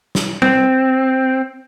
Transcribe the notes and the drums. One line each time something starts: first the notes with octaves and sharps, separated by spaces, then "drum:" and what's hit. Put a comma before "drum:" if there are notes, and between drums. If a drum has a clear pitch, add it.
drum: snare
C4, drum: tom G3